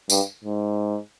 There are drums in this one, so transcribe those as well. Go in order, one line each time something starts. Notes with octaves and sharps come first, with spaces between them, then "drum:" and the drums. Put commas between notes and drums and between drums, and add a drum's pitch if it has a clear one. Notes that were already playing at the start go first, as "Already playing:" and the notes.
G2, drum: tambourine
G#2